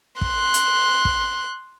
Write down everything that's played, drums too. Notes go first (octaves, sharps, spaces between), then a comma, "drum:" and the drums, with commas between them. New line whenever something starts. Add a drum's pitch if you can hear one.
C6 F#6, drum: kick
drum: hi-hat
drum: kick